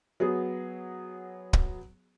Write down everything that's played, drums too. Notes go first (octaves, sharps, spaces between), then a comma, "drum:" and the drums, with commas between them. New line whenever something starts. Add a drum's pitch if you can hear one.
F#3 B3 G#4
drum: kick